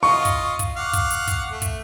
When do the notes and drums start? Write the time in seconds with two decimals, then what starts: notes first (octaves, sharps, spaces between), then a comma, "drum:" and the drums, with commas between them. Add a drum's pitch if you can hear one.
0.03 F4 D#5 C#6
0.25 drum: kick, hi-hat
0.59 drum: kick, hi-hat
0.76 F5 F#5 D6
0.93 drum: kick, hi-hat
1.10 drum: hi-hat
1.27 drum: kick, hi-hat
1.51 A3
1.62 drum: kick, hi-hat